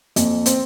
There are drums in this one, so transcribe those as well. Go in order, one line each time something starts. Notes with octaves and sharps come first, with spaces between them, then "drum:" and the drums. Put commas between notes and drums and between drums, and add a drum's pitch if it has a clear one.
F2 A#3, drum: hi-hat
C4, drum: hi-hat